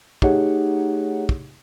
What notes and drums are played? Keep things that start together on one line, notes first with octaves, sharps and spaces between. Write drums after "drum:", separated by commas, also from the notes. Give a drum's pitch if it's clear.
A3 D#4 G4 G#4 C#5 F#5, drum: kick
drum: kick